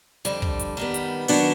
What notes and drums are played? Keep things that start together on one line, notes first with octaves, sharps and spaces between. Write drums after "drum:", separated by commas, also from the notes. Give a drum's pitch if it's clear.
F2 D3 G3, drum: hi-hat
drum: kick
drum: hi-hat
D#3 G3 B3
drum: hi-hat
D#3 F#3 B3 D4, drum: open hi-hat